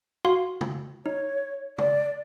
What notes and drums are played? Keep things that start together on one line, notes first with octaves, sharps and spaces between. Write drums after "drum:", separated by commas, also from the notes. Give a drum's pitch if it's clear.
F#4 F5 C6
drum: tom
D#4 C#5
D5, drum: tom